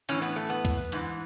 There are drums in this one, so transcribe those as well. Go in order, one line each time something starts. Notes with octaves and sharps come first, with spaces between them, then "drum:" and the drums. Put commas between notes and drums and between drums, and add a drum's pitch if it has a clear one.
A2 E3 C#4, drum: hi-hat
B3
A3
B3
drum: kick, hi-hat
G#2 E3, drum: hi-hat